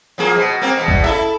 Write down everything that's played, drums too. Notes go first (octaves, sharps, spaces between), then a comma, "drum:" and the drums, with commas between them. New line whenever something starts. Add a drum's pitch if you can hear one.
F3 A#3 G#4
B2
A#3 C4
E2 B2
drum: kick
E4 A4 E5